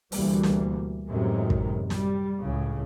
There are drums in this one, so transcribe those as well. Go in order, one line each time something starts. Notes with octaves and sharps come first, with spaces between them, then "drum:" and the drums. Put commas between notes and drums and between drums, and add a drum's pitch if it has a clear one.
D2 B2 E3 G3 A#3, drum: open hi-hat
drum: snare
F#2 A2 C3 D#3 G#3
drum: kick
G3, drum: snare
C#2 A2 C#3